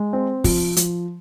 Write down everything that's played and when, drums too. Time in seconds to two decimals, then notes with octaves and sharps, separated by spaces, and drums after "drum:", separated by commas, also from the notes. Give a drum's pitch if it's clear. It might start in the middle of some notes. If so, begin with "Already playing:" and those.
Already playing: G#3
0.13 C4
0.44 F3, drum: kick, open hi-hat
0.76 F3, drum: hi-hat